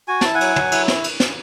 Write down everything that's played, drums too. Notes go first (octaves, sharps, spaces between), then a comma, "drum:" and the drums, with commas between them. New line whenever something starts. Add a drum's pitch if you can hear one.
F#4 G#5
E4 A5, drum: snare
F#5 G#5
F#3, drum: cymbal
F#3, drum: tom
E4, drum: cymbal
drum: snare
drum: cymbal
drum: snare